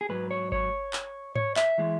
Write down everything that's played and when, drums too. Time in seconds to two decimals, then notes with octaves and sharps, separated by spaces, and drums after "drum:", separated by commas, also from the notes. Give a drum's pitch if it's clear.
0.01 G#4
0.09 G#2 F#3 B4
0.31 C#5
0.52 C#5, drum: kick G1
0.93 drum: clap
1.36 C#5, drum: tom G#2
1.56 E5, drum: clap
1.78 E3 G#3